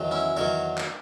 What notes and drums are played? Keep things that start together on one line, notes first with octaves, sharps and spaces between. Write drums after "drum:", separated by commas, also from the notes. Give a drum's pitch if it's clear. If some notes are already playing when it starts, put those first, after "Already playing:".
Already playing: E2 D#3 F#3
C#4 E4
E2 D#3 F#3 A#4 C#5
drum: clap